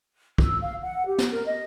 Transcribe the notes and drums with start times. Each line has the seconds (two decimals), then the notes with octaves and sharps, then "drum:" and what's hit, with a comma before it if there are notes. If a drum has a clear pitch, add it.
0.38 E6, drum: kick
0.61 F5
0.81 F#5
1.06 G4
1.18 drum: snare
1.31 A#4
1.45 D#5